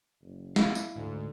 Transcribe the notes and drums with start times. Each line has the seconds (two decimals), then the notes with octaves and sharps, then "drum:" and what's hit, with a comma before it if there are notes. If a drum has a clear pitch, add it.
0.22 F#1
0.56 E4 F5, drum: snare
0.75 drum: tambourine
0.96 D2 G#2